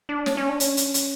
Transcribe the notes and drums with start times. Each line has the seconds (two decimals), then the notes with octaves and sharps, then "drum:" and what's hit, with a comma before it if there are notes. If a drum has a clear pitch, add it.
0.09 D4
0.26 C#4, drum: snare
0.37 C#4
0.49 D4
0.60 C#4, drum: hi-hat
0.77 drum: hi-hat
0.94 drum: hi-hat